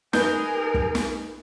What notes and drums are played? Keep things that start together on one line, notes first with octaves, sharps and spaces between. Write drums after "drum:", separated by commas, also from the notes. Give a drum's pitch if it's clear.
D#4 G#4 A#4 B4 G6, drum: snare
drum: kick
drum: snare